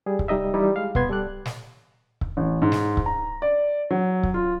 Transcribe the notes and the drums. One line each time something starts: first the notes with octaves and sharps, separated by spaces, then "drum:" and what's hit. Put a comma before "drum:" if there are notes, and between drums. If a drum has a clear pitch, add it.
G3 G#4
drum: kick C#1
C2 G3 D#4 D#5 E5
E3 G3 D#4 E4
G#3 F5
C2 B2 B3 C6 G#6, drum: kick C#1
G3 A4 D5 F#6
drum: snare
drum: kick C#1
A1
G#2
drum: snare
drum: kick C#1
A#5
D5
F#3
drum: kick C#1
F4